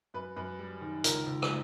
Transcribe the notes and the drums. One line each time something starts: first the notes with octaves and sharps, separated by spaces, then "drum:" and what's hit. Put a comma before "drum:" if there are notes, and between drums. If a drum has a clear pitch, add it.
F#2 B4
F#2 B4
G3
D#3
C#2 A#4, drum: hi-hat
C#2
drum: rim click